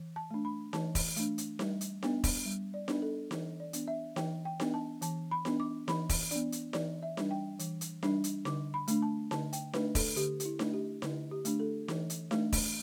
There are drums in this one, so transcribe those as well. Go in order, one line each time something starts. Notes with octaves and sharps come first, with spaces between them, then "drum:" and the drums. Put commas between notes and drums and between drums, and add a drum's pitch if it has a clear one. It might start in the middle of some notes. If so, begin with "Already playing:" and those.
Already playing: E3
A5
A3 D4
B5
E3 A5, drum: snare D#4
drum: kick E1, open hi-hat
A3 D4, drum: hi-hat
drum: hi-hat
G3, drum: snare D#4
drum: hi-hat
B3 D4, drum: snare D#4
drum: kick E1, open hi-hat
G3
D5
B3 D4, drum: snare D#4
A4
E3, drum: snare D#4
D5
B3 D4, drum: hi-hat
E5
E3 G5, drum: snare D#4
G5
B3 D4, drum: snare D#4
A5
E3 A5, drum: hi-hat
B5
B3 D4, drum: snare D#4
D6
E3 B5, drum: snare D#4
drum: kick E1, open hi-hat
B3 D4 D5, drum: hi-hat
drum: hi-hat
E3 D5, drum: snare D#4
E5
G3 D4, drum: snare D#4
G5
E3, drum: hi-hat
drum: hi-hat
G3 D4, drum: snare D#4
drum: hi-hat
D3 D6, drum: snare D#4
B5
A3 D4, drum: hi-hat
A5
D3 A5, drum: snare D#4
G5, drum: hi-hat
A3 D4 B4, drum: snare D#4
A4, drum: kick E1, open hi-hat
D3 G4, drum: hi-hat
G4, drum: hi-hat
E4
A3 D4, drum: snare D#4
G4
D3 E4, drum: snare D#4
G4
A3 D4, drum: hi-hat
A4
E3, drum: snare D#4
drum: hi-hat
A3 D4, drum: snare D#4
drum: kick E1, open hi-hat